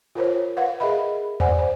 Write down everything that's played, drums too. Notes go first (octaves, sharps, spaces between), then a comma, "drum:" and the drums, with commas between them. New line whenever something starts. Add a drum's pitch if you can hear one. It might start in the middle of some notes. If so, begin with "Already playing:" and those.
F4 A#4 C5 C#5
B4 F5 F#5
G#4 A#4 D#5 E5 B5
C5 D5 F#5 G#5, drum: tom E2
C5